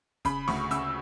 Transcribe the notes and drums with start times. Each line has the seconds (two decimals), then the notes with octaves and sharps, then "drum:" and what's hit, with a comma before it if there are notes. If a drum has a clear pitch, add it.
0.25 C#3 B5, drum: kick, hi-hat
0.48 D2 C#6, drum: snare
0.71 C#3 E6, drum: hi-hat